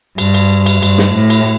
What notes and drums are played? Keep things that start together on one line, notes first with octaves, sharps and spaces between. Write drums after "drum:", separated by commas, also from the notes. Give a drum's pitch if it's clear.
G2, drum: cymbal
drum: cymbal
drum: cymbal
G2, drum: cymbal
drum: snare
A2
drum: cymbal